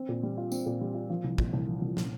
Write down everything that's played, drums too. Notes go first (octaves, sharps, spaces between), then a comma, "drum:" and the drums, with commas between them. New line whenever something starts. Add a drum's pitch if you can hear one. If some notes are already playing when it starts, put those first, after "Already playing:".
Already playing: C4
A#2
G3
F4
C4, drum: tambourine
A#2
G3
F4
F3
C2
A#2, drum: kick
C2
F3
C2
A#2, drum: snare